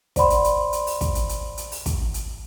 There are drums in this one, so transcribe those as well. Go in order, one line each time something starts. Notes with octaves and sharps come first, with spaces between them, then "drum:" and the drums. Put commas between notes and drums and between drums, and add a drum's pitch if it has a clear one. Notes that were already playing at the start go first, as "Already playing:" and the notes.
C5 D5 F#5 B5 C6, drum: kick, hi-hat
drum: hi-hat
drum: hi-hat
drum: hi-hat
drum: open hi-hat
drum: kick, hi-hat
drum: hi-hat
drum: hi-hat
drum: hi-hat
drum: open hi-hat
drum: kick, hi-hat
drum: hi-hat